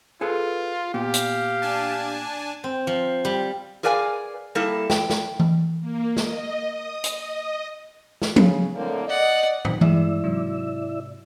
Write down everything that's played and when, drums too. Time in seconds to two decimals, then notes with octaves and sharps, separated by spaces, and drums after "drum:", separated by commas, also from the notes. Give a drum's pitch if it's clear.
0.21 F4 G#4 A4 B4
0.94 A#2 B3 G4 F5
1.14 drum: hi-hat
1.62 D4 G#5 A5
2.64 C4
2.87 F3
3.25 G3
3.83 G#4 A#4 B4 D5 F5 G#5
4.55 G3 A#3 E4 A4
4.90 G5, drum: snare
5.10 drum: snare
5.39 drum: tom E3
5.81 A#3
6.17 D#5, drum: snare
6.74 D#6
7.04 D#5, drum: hi-hat
8.22 drum: snare
8.36 C#3, drum: tom F3
8.75 A2 D3 A#3 C4
9.08 D5 D#5 F#5
9.65 A#2 D#3 C4 B5, drum: tom
9.81 G2 E3 G#3 E4 D5 E6, drum: tom E3
10.24 G#2 C3 F#3